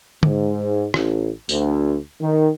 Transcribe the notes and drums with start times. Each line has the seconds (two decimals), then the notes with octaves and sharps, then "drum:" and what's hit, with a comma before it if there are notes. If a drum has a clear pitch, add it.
0.23 G#2, drum: tom D3
0.94 A1, drum: rim click
1.49 D2, drum: tambourine
2.20 D#3